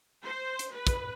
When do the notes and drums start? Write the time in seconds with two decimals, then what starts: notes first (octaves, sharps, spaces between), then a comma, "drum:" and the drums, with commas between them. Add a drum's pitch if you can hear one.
0.23 C5
0.59 drum: hi-hat
0.73 B4
0.87 drum: kick, hi-hat